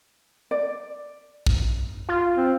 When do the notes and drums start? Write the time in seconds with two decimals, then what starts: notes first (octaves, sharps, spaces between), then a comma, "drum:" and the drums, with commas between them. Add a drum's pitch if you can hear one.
0.51 D5
1.46 drum: kick
2.09 F4
2.37 C4